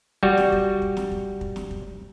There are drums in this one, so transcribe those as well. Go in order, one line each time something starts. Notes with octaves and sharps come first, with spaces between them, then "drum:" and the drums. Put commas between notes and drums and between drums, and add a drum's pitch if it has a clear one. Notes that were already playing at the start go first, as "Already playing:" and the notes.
G3 F#4, drum: kick
drum: snare
drum: kick
drum: kick
drum: snare
drum: kick
drum: kick
drum: snare
drum: kick